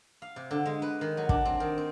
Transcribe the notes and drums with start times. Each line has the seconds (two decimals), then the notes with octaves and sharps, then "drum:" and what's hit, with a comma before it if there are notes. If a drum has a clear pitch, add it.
0.22 F5
0.36 C3
0.51 D3
0.65 G#3
0.82 B4
1.01 D#3
1.17 F#3
1.29 D4, drum: kick
1.45 C4
1.60 D#3
1.78 C4